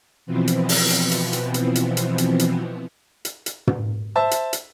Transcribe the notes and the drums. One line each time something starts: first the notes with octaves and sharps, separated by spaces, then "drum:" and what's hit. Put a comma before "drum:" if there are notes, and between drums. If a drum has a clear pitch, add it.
B2 E3 F3 B3 C4
drum: hi-hat
drum: open hi-hat
drum: hi-hat
drum: hi-hat
drum: hi-hat
drum: hi-hat
drum: hi-hat
drum: hi-hat
drum: hi-hat
drum: hi-hat
drum: hi-hat
drum: hi-hat
drum: tom
C5 E5 A5
drum: hi-hat
drum: hi-hat